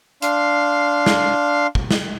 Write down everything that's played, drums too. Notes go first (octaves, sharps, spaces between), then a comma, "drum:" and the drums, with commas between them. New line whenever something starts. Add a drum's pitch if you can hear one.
D4 F5 C6, drum: hi-hat
drum: snare
drum: kick
drum: snare